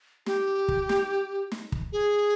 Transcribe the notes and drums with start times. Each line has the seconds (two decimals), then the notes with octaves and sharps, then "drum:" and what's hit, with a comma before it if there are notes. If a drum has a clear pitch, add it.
0.26 G4, drum: snare
0.68 drum: kick
0.89 drum: snare
1.52 drum: snare
1.72 drum: kick
1.93 G#4